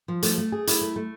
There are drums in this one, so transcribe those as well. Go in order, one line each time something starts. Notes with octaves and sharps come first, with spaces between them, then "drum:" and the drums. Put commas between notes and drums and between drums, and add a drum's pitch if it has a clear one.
F3
A3, drum: hi-hat
A3
G#4
E4, drum: hi-hat
A3
A3